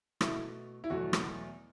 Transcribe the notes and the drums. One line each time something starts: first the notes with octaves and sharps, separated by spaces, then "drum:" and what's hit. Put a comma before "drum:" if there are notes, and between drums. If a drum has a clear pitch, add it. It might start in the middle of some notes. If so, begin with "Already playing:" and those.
B2 A3 E4, drum: rim click
E4
E2 B2 F#3 A3 F#4
drum: rim click